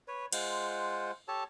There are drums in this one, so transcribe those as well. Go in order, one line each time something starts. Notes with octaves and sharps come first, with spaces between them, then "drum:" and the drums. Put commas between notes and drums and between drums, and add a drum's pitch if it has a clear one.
B4 C#5
G#3 F4 C5 F#5, drum: cymbal
G4 A4 C#5 A5